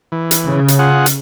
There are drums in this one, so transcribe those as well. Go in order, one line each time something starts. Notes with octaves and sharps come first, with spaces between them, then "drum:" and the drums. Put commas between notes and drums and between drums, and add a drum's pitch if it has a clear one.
E3
drum: hi-hat
C#3
drum: hi-hat
F4 G#4 F#5
drum: hi-hat